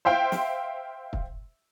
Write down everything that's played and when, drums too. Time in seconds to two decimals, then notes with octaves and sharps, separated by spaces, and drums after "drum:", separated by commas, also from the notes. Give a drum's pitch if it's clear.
0.05 C5 E5 F5 G5 C6
0.32 drum: snare
1.13 drum: kick